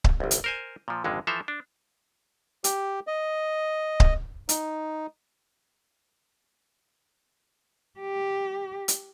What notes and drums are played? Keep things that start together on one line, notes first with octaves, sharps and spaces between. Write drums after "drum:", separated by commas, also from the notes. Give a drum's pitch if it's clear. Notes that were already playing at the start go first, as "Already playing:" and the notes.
drum: kick C#1
G1 C2
drum: hi-hat
A#4 C5 G#5
A#2 F3
G#1 F2 D3 G#3
E3 F3 A4 C5 E5 A#5
D4
G4, drum: hi-hat
D#5
drum: kick C#1
D#4, drum: hi-hat
G4
drum: hi-hat